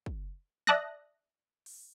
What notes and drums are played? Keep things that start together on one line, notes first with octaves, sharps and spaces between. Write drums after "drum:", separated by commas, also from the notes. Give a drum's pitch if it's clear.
drum: kick
D5 E5 A5 D#6 F#6 A#6, drum: snare
drum: open hi-hat